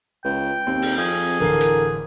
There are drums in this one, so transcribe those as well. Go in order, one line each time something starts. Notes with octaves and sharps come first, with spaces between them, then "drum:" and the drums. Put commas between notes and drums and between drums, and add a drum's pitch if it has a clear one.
C#2 B4 G5
D#2 C4
drum: open hi-hat
F2 G#4
D1 D3 E3 A#4 C7
drum: hi-hat